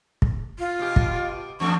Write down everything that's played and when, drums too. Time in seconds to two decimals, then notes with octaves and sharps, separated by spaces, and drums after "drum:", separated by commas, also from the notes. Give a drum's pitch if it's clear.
0.22 drum: kick
0.59 F4
0.79 B2 G4
0.96 drum: kick
1.60 E2 A3 D4 C#6